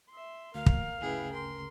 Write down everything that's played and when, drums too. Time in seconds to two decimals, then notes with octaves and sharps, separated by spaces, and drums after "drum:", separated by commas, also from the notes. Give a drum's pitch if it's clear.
0.10 E5 C6
0.55 D2 A#4 F5
0.66 drum: kick
1.01 G1 D2 C#3 E4 G#4 B4 G5
1.32 A#4 C6